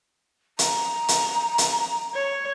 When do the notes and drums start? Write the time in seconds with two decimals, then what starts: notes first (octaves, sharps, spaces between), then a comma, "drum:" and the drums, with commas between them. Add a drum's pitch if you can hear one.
0.59 A#5, drum: hi-hat
1.08 drum: hi-hat
1.58 drum: hi-hat
2.14 C#5